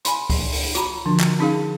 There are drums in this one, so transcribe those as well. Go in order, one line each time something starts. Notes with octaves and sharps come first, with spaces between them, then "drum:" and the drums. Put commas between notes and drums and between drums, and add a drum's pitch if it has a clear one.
G#5 B5 C6, drum: hi-hat
drum: kick C#2, open hi-hat
drum: open hi-hat
F4 F#4 A#5 B5, drum: hi-hat
D3 F3 D4
drum: clap
C#4 D#4 G#4 F5